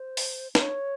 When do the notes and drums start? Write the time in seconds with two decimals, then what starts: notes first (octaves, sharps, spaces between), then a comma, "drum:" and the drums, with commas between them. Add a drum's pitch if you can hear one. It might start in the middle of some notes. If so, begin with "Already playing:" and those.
Already playing: C5
0.17 drum: open hi-hat
0.55 C#5, drum: snare